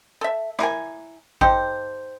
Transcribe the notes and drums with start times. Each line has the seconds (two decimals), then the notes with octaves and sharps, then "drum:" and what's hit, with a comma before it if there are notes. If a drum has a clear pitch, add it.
0.21 A4 E5
0.59 E4 A#4 G#5, drum: rim click
1.41 D#4 G4 A4 C5, drum: kick A1